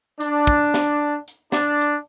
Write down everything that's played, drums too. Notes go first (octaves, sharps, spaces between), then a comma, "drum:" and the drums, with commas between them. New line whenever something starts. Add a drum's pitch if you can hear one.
D4, drum: hi-hat
drum: kick
drum: snare
drum: hi-hat
D4, drum: snare
drum: hi-hat